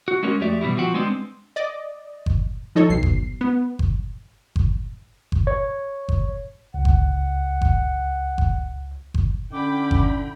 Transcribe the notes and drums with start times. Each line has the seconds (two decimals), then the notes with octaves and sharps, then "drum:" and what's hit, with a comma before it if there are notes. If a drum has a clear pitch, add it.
0.08 F#4
0.23 G#3 A#3 C#4 F#4 A#4 C#5
0.41 F2 A3 F#4 G4 D5 E5
0.61 B2 E3 G3 E4
0.77 F3 C4 F#4
0.94 G#3 B3 C4 D4
1.56 D5 D#5
2.26 drum: kick G1
2.75 F3 D#4 A4 C#5
2.90 B1 C7
3.03 drum: kick G1
3.41 B3
3.79 drum: kick G1
4.56 drum: kick G1
5.32 drum: kick G1
5.47 C#5
6.09 drum: kick G1
6.74 C#2 F#5
6.85 drum: kick G1
7.61 drum: kick G1
8.38 drum: kick G1
9.14 drum: kick G1
9.52 D3 C#4 E4 G5 B5 D6
9.91 drum: kick G1